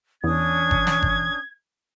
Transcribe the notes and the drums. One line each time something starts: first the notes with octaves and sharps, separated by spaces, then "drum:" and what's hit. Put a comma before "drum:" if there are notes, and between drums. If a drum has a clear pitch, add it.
E2 C#4 D4 D#6 G#6
drum: kick G1
drum: snare
drum: kick G1